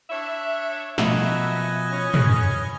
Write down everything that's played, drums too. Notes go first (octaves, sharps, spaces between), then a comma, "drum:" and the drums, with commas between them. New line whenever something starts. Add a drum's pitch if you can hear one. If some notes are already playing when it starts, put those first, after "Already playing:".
D4 C#5 E5
B2 F3 A#3 F#4 B4 D#5 E5 G#5, drum: snare
C#4
drum: tom